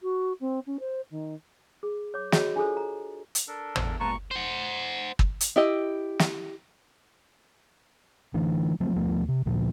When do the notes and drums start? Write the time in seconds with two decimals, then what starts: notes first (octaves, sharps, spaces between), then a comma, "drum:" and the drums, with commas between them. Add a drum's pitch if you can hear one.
0.01 F#4
0.40 C4
0.66 C#4
0.79 C5
1.10 D#3
1.83 G#4
2.14 C#5 D6
2.32 F#4 G#4 C#5 D#5 B5, drum: snare
2.56 D4 F4 G#4 A4 C5
2.77 A#5
3.35 drum: hi-hat
3.48 D4 A4 A#4
3.76 E2, drum: tom G#1
4.00 A#2 G#3 B3 F4 B4 A5 A#5 C#6
4.31 C5 F#5
5.19 drum: kick
5.41 drum: hi-hat
5.56 E4 G4 D#5
6.19 drum: snare
8.34 D3 E3 A3 D4
8.80 F3 F#3 A3 C4
8.96 D#2 F3 A3 B3
9.28 C3
9.46 D2 A#2 F3